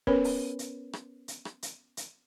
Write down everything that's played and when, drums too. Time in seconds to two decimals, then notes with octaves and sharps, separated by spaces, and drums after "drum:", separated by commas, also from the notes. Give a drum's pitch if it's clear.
0.07 B3 C#4 A#4 B4 C#5 B5, drum: kick
0.24 drum: open hi-hat
0.59 drum: hi-hat
0.93 drum: rim click
1.28 drum: hi-hat
1.45 drum: rim click
1.63 drum: hi-hat
1.97 drum: hi-hat